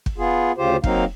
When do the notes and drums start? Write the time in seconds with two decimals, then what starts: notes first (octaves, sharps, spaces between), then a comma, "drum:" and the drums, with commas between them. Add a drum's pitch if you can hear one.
0.06 drum: kick
0.18 B3 F4 G#4
0.58 D2 C#3 F4 G4 C5
0.84 F#3 A#3 C4 D#4 F5, drum: kick